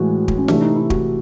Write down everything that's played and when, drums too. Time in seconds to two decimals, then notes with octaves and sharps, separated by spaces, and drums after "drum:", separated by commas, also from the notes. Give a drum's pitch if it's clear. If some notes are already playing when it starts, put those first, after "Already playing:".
Already playing: A2 E3 G#3 F#4
0.28 drum: kick
0.38 C#4
0.48 C3 E3 A3 D4, drum: snare
0.62 D#4
0.76 E4
0.90 F#4, drum: kick